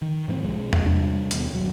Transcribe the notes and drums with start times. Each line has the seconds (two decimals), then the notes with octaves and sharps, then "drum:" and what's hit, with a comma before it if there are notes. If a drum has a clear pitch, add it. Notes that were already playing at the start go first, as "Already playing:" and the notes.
0.02 D#3
0.28 G#2 F3 A#3 C4
0.44 B1 G#3
0.73 drum: tom E2
0.86 C3 G3 D4
1.31 D#2 B2, drum: hi-hat
1.55 G#1 F#3